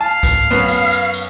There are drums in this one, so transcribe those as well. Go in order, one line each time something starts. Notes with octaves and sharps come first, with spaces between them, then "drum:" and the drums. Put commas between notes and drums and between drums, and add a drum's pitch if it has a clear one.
F5 A5
drum: kick, tambourine
F#2 B3
drum: tambourine
drum: tambourine
drum: tambourine